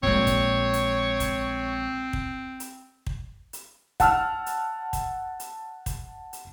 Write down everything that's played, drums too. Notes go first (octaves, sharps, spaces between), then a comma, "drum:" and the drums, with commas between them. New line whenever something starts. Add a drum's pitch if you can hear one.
A#1 G#3 C4 C#5
drum: kick, hi-hat
drum: hi-hat
drum: kick, hi-hat
drum: kick
drum: hi-hat
drum: kick
drum: hi-hat
F#5 A5 E6 F6, drum: kick, hi-hat
drum: hi-hat
drum: kick, hi-hat
drum: hi-hat
drum: kick, hi-hat
drum: hi-hat